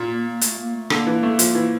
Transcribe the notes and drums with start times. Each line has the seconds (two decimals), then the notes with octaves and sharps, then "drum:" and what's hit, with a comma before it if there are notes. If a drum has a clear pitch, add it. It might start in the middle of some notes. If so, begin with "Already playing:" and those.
Already playing: A#2
0.09 A#3
0.25 A#3
0.41 A3, drum: hi-hat
0.58 A#3
0.74 A3
0.90 D3 A#3, drum: rim click
1.07 E3
1.23 A3
1.39 F3, drum: hi-hat
1.55 E3